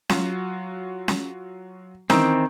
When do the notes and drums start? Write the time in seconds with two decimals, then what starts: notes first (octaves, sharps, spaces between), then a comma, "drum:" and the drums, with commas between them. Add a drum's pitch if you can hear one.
0.09 F#3 F4 F#4, drum: snare C#4
1.08 drum: snare C#4
2.10 D#3 E3 C4, drum: snare C#4